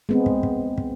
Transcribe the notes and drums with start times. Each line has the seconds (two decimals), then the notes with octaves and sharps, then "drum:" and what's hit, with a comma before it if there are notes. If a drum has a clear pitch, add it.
0.09 G#3 B3 C4
0.26 drum: kick
0.43 drum: kick
0.78 drum: kick